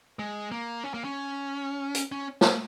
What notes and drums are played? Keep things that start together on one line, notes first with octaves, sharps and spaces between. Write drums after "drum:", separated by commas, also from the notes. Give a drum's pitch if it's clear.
G#3
A#3
C#4
A#3
C#4
drum: hi-hat
C#4
drum: snare